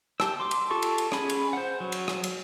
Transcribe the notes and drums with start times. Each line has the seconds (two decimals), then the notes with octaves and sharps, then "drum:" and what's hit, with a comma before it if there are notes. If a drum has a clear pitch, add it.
0.20 G4 A5 E6, drum: rim click
0.40 C6 D6
0.51 drum: cymbal
0.71 F4 G4 A4 A5 C#6
0.82 drum: cymbal
0.98 drum: cymbal
1.12 C#4 G#4 G#5 B5, drum: rim click
1.29 drum: cymbal
1.53 C5 F#5
1.80 F#3
1.92 drum: cymbal
2.08 drum: rim click
2.24 drum: cymbal